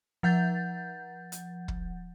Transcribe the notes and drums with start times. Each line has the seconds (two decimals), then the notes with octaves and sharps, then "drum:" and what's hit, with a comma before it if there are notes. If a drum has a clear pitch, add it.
0.23 F3 F#5 G6 A6
1.32 drum: hi-hat
1.68 drum: kick